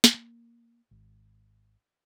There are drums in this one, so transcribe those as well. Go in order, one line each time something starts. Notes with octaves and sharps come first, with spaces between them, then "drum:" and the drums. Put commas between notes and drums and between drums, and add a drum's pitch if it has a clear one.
drum: snare
A#3
G#1